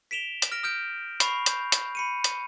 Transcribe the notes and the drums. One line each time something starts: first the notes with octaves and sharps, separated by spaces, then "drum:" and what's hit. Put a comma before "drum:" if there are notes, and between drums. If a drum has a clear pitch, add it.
B6 D7 E7 F7 G7
drum: hi-hat
F6 A#6 D7
D#6 F6 G6 D7
B5 C#6 C7 F7, drum: hi-hat
G6, drum: hi-hat
drum: hi-hat
B5 C#7 D#7
drum: hi-hat